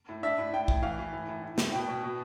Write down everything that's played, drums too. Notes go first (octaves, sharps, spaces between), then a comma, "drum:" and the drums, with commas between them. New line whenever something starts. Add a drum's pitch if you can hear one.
A2
D4 E5
A2
A2 G5
A2, drum: kick
E3 F5
E3
A2
A2
A2
A2, drum: snare
B2 G5
B2
B2